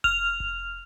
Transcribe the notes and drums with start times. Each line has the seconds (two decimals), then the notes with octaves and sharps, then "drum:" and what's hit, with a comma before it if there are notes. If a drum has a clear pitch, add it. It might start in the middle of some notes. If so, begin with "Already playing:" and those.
0.04 F6 F7, drum: kick F1
0.40 drum: kick F1